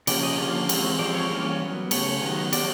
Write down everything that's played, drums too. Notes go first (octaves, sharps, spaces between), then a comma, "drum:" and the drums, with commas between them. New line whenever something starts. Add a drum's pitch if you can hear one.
C#3 F3 A#3 C#4 D5, drum: cymbal
D#5
D3 F3 A#3 C#4 D5
E3 G#3 C4, drum: cymbal
F3 G#3 C4 D5
C#5
E3 G3 A#3 C#4
F#3 B3
C#3 F3 A3 C#5, drum: cymbal
D#3 F#3 B3
F#3 B3 D5, drum: cymbal